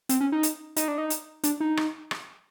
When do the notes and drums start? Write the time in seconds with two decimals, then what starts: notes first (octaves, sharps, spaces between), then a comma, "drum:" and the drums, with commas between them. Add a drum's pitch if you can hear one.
0.09 C4, drum: hi-hat
0.21 C#4
0.32 D#4
0.43 drum: hi-hat
0.76 D#4, drum: hi-hat
0.88 D4
0.98 D#4
1.10 drum: hi-hat
1.43 D4, drum: hi-hat
1.60 D#4
1.77 drum: rim click
2.11 drum: rim click